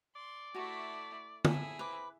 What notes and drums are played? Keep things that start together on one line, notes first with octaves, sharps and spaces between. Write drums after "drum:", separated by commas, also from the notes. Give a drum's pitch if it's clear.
D5 C6
A3 E4 F#4 C#6
E4 G#4 A4, drum: tom
C4 B4 D6